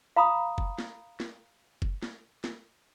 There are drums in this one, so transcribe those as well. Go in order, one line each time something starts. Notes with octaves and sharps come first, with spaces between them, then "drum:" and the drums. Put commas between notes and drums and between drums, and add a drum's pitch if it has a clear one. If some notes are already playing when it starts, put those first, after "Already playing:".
F5 A#5 B5 D#6
drum: kick F#1
drum: snare
drum: snare
drum: kick F#1
drum: snare
drum: snare